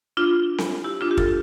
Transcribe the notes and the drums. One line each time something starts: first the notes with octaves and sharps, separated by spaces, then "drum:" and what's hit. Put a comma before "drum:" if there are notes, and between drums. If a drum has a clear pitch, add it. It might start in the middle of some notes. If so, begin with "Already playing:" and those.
D4 F4
drum: snare C4
E4 G4
D4 F4
G4
F4 A4, drum: kick